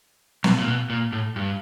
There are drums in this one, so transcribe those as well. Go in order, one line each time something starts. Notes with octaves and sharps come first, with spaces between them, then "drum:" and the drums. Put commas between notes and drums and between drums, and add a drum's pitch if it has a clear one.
B2, drum: snare
A#2
B2
A#2
A2
G2